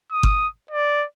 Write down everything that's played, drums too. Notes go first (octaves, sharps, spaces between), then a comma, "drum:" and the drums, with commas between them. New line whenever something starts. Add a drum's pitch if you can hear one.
D#6
drum: kick G1
D5